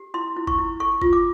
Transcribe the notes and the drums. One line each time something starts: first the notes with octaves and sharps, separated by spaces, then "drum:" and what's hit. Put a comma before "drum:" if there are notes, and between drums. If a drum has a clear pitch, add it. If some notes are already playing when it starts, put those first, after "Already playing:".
Already playing: G4
E4 C6
E4
C#6, drum: kick G1
E4
A4 C#6
F4, drum: kick G1
D6